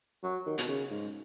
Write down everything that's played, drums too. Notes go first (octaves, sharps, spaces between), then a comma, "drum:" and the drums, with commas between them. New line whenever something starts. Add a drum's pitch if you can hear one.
F#3
D#3
B2, drum: hi-hat
C#3
G#2